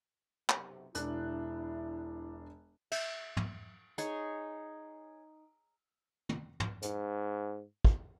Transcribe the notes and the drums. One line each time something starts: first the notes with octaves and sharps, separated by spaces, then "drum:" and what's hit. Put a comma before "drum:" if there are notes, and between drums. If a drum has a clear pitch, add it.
B1 F#2 C3, drum: clap
E1 D4 E4 F#6, drum: hi-hat
E5, drum: cymbal
drum: tom
D#4 G#4 C#5, drum: hi-hat
drum: tom
drum: tom
G#2, drum: hi-hat
drum: kick